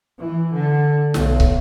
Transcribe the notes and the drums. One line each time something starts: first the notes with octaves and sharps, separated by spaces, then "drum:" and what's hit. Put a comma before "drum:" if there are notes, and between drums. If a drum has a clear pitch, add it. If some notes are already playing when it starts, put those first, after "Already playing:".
E3
D3
B1, drum: snare
drum: kick